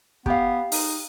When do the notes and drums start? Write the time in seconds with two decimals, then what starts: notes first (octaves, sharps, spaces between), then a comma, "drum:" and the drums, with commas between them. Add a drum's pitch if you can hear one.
0.26 B3 G4 F5, drum: kick
0.72 D#4, drum: open hi-hat